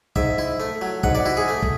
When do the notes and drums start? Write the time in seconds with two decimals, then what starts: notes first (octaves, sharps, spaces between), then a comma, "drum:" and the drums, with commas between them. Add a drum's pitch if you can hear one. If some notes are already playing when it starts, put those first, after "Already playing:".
0.16 G#2 E5, drum: kick
0.38 E4
0.60 A3
0.81 F#3
1.03 G#2 F#5, drum: kick
1.15 D5
1.26 E4 F#4
1.37 G#4
1.48 A3
1.62 drum: kick